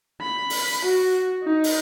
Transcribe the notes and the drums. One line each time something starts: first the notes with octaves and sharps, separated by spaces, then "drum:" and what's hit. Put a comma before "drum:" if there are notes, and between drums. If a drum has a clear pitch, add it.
B5
drum: open hi-hat
F#4
D#4
drum: open hi-hat